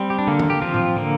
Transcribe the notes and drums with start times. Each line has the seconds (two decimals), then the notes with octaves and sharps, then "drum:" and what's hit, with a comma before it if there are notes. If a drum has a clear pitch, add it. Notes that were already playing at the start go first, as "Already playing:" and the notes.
Already playing: G3 C4
0.10 G4
0.18 D4
0.27 D3 A#3
0.39 drum: tom D#3
0.50 G4
0.62 F3 C4 F4
0.74 drum: tom A2
0.96 D3 A#3